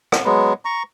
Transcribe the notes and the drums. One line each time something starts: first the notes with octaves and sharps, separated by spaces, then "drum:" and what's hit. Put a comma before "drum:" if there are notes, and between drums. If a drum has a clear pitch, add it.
drum: rim click
F#3 G#3 B3
A#5 C#6